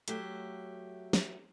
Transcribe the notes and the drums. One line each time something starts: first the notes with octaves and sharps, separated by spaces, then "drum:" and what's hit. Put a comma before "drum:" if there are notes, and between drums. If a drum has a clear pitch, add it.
F#3 A3 G4, drum: hi-hat
drum: snare